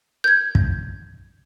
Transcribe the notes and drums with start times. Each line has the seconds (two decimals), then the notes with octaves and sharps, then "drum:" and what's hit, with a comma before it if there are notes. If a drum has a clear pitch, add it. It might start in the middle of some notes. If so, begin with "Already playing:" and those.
0.24 G6 G#6
0.55 drum: kick